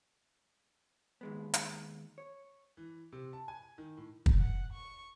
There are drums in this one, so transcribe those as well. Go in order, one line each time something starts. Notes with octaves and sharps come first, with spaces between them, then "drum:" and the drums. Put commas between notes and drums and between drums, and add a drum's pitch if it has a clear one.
D#2 G#3 B3
drum: hi-hat
C#5
E3
C3
A5
G#5
D#3
A2
drum: kick
F#5
C#6